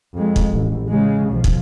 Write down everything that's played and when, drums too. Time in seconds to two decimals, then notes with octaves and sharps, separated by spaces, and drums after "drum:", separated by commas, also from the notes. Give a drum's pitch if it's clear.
0.14 F2 G#3
0.36 drum: kick
0.51 A1
0.87 C#3 G#3
1.31 B1 F3
1.44 drum: kick